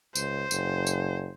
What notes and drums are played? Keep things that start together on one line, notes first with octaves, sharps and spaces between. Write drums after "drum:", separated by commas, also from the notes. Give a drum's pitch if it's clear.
C#2 C5, drum: tambourine
F#1, drum: tambourine
drum: tambourine